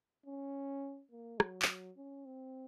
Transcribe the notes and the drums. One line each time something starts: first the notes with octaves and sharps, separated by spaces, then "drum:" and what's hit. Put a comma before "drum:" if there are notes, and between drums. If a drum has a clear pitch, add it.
C#4
A#3
F#3, drum: rim click
drum: clap
C#4
C4